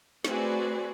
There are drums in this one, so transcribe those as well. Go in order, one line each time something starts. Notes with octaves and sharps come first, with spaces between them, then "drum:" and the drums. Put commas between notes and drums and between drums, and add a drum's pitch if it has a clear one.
A3 C4 F#4 G#4 B4 D5, drum: snare